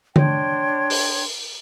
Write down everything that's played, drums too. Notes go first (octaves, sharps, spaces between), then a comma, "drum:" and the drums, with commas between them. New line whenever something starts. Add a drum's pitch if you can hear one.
D4 C#5 G5 C6, drum: tom D3
drum: open hi-hat